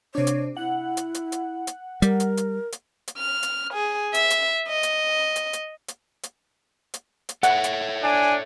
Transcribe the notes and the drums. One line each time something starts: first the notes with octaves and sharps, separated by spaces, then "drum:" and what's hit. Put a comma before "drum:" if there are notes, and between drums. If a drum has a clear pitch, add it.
C3 D4 C#5
drum: hi-hat
E4 F#5
drum: hi-hat
drum: hi-hat
drum: hi-hat
drum: hi-hat
G3 A#4, drum: hi-hat
drum: hi-hat
drum: hi-hat
drum: hi-hat
drum: hi-hat
F6
drum: hi-hat
G#4
E5, drum: hi-hat
drum: hi-hat
D#5
drum: hi-hat
drum: hi-hat
drum: hi-hat
drum: hi-hat
drum: hi-hat
drum: hi-hat
drum: hi-hat
A4 C#5 E5 F#5, drum: hi-hat
drum: hi-hat
D4 G#5